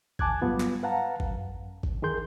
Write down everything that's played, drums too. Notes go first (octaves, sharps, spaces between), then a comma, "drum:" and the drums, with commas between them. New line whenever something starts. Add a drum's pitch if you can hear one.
D#2 G#5 A5 D6 F#6 G#6, drum: kick G#1
G#2 F#3 G3 B3 F4
drum: clap
B4 F5 F#5 A5 A#5
F#2, drum: kick G#1
drum: kick G#1
D#3 E3 G#4 A#4 C6 G6